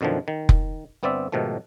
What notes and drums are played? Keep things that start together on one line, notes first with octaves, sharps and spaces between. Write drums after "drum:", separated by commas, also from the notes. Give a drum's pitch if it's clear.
F#2 B2 D3 D#3 F3
D#3
drum: kick F1
G1 B3 C4 D5 E5
G#2 B2 D#3 F3 A3